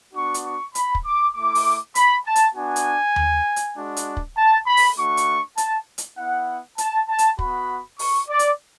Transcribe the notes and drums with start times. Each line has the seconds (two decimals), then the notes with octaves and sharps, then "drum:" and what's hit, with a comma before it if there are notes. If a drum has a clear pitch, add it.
0.14 B3 D4 F#4 C#6
0.34 drum: hi-hat
0.44 C#6
0.75 B5, drum: hi-hat
0.95 drum: kick
1.05 D6
1.35 A3 E4 D6
1.55 drum: open hi-hat
1.95 B5, drum: hi-hat
2.26 A5
2.36 drum: hi-hat
2.55 B3 D4 F#4 G#5
2.76 drum: hi-hat
3.16 drum: tom D#2
3.56 drum: hi-hat
3.77 G#3 D4 F#4
3.97 drum: hi-hat
4.17 drum: kick
4.37 A5
4.67 B5
4.77 drum: open hi-hat
4.97 A3 D4 F#4 C#6
5.17 drum: hi-hat
5.58 A5, drum: hi-hat
5.98 drum: hi-hat
6.18 B3 E4 F#5
6.78 A5, drum: hi-hat
7.09 A5
7.19 drum: hi-hat
7.39 B3 F#4 B5, drum: kick
7.99 C#6, drum: open hi-hat
8.29 D5
8.39 drum: hi-hat